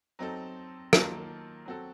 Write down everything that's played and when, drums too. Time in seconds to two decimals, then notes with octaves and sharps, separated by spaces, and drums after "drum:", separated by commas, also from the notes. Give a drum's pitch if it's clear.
0.19 F#3 C4 D#4 A4
0.93 D#3 F#3 A#3 F4 A4, drum: rim click
1.66 F#3 C4 F#4 A4